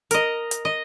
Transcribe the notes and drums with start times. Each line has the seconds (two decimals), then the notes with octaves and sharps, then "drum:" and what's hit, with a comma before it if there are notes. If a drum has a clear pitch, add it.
0.11 A#4 D#5, drum: hi-hat
0.51 drum: hi-hat
0.65 D#5